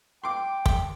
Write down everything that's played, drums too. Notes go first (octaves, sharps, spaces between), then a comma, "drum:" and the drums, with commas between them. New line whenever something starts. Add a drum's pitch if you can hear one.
G5 C6 D6
G4, drum: kick